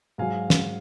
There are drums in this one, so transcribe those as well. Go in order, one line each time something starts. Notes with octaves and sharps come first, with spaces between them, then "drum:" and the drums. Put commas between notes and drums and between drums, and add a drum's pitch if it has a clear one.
G#2 F#3 F5 G#5
drum: snare